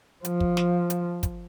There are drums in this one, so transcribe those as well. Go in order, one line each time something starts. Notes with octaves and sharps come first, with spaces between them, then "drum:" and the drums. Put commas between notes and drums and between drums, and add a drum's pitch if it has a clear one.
F3, drum: hi-hat
drum: kick
drum: snare
drum: hi-hat
drum: kick, hi-hat